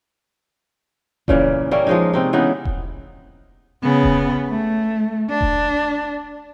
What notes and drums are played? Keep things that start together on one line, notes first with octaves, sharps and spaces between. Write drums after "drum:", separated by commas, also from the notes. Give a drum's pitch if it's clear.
A#2 C#3 E3 A#3, drum: kick E1
G3 A#3 C#4 E4
F3 G#3 D#4
C3 C4 D#4
C#3 E3 B3 D#4
drum: kick E1
C#3 B3
drum: kick E1
A3
D4
drum: kick E1